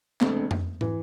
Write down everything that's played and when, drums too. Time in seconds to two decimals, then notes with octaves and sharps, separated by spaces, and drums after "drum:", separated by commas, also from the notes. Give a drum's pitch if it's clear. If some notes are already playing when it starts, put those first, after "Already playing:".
0.21 E1 D2 C3 A3, drum: clap
0.51 drum: tom F2
0.81 E3, drum: tom